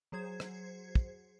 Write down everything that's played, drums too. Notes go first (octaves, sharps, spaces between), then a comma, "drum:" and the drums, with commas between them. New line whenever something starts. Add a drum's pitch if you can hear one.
F#3 G#4 C5 G#6
drum: rim click
drum: kick